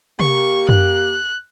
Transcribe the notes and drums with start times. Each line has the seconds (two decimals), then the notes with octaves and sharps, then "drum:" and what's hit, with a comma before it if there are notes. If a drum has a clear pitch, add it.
0.20 A#3 G4 C#6, drum: tom C3
0.69 F#6, drum: tom F#2